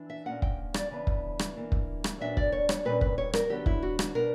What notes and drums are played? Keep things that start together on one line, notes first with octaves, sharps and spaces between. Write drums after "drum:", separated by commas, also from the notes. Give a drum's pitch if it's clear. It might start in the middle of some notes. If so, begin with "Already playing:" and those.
Already playing: E3 D4
E5
A#2 A#3 C#4 F#5
G5, drum: kick
D5, drum: rim click
C#3 E3 B3 D4
drum: kick
drum: rim click
E3 A#3 D4
drum: kick
drum: rim click
A#2 F#3 B3 D4 E5
D5, drum: kick
C#5
C#5, drum: rim click
A#2 G3 C#4 B4
B4, drum: kick
C#5
A#4, drum: rim click
D3 F#3 B3 D4 G4
E4, drum: kick
F#4
F#4, drum: rim click
B2 G3 B3 D4 A#4